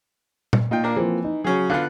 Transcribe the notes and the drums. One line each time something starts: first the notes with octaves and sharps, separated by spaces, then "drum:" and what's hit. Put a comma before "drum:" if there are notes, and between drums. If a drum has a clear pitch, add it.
drum: tom A#2
A#2 D#4 F4 G5
A#3 D4 A#4
E3 F3 A#3 C4
D#4
C#3 F#3 C#4 F#4 G#4
D3 B3 F4 F5 F#6